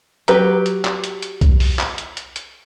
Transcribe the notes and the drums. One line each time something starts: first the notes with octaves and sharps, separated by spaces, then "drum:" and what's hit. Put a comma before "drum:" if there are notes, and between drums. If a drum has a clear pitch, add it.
F#3 G4 B4, drum: hi-hat
drum: hi-hat
drum: clap
drum: hi-hat
drum: hi-hat
drum: kick, hi-hat
drum: open hi-hat
drum: clap
drum: hi-hat
drum: hi-hat
drum: hi-hat